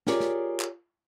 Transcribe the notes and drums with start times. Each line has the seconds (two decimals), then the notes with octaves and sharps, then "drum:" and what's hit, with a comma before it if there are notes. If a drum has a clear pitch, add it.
0.07 F4 G4 G#4 A#4 C#5 D5, drum: snare
0.20 drum: snare
0.60 drum: clap